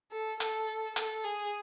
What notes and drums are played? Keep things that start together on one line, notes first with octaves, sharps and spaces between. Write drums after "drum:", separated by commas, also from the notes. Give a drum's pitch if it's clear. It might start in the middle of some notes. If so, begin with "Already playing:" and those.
A4
A4, drum: hi-hat
A4, drum: hi-hat
G#4